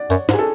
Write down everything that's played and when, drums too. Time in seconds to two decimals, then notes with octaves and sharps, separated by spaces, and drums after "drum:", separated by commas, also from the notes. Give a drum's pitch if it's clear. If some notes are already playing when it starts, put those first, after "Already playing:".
Already playing: D5 F#5
0.10 F#2 C#5, drum: hi-hat
0.29 G#2, drum: snare
0.34 G#4
0.39 A4